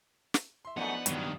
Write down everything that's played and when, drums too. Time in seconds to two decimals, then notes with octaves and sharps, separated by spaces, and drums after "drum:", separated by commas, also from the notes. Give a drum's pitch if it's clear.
0.34 drum: snare
0.65 E5 C6
0.77 F#2 F3 A3 B3 D4 D#4 F#5
1.06 G2 D#3 F#3, drum: hi-hat